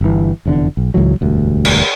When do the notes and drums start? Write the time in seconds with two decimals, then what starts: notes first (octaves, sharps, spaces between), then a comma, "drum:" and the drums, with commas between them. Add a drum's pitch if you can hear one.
0.01 G1 E3
0.45 F1 E2 B2 D3
0.77 B1
0.94 C#2 G#2 E3 F#3
1.21 E1 D2 G2
1.65 drum: cymbal